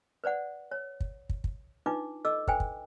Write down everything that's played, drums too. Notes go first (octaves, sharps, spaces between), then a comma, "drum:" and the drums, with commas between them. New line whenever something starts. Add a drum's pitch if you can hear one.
B4 C5 D5 F#5
C#5
drum: kick
drum: kick
drum: kick
D4 D#4 F4 B4 D6
A4 D#5 D6 E6
A4 B4 C5 G5 G#5, drum: kick
drum: kick